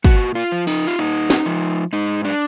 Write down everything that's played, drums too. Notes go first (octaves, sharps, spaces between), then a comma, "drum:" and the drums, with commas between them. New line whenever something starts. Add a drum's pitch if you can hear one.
A#2 F#4, drum: kick, hi-hat
F4
F3
D#4, drum: open hi-hat
F4
A#2 D#4
drum: snare
F3
G#2 D#4, drum: hi-hat
D4